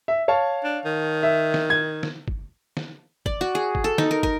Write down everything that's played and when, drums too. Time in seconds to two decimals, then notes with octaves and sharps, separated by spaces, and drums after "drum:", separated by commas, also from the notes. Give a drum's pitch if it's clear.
0.08 E5
0.28 C#5 F5 A5
0.64 D4
0.85 D#3
1.23 E5
1.54 drum: snare
1.70 G#6
2.03 drum: snare
2.28 drum: kick
2.77 drum: snare
3.26 D5, drum: kick
3.41 F#4
3.55 G#4
3.75 drum: kick
3.84 A4
3.98 D#4, drum: snare
4.11 A#4
4.23 A#4, drum: kick